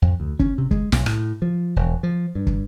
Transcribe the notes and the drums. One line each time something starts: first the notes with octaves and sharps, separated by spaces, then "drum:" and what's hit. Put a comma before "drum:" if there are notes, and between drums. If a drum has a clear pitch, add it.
F2
D2
C#4, drum: kick
C3
G#3, drum: kick
B1, drum: snare
A2, drum: rim click
F3
E1
F3
G2
drum: kick